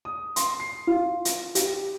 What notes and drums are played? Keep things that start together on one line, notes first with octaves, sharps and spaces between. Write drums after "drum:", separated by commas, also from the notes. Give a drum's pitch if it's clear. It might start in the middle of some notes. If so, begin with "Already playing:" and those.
D#6
C6, drum: hi-hat
C7
F4
drum: hi-hat
G4, drum: hi-hat